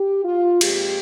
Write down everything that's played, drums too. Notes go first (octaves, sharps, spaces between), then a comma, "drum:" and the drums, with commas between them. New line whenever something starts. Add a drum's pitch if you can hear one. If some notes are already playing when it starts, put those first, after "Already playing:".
Already playing: G4
F4
A#2 F3 G#3 C4 G4, drum: cymbal